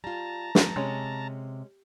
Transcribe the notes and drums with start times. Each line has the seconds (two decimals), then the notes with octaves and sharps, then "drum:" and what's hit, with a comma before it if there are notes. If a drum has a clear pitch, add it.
0.04 G3 F4 A5 A#5
0.55 drum: snare
0.76 C3 G#3 C#4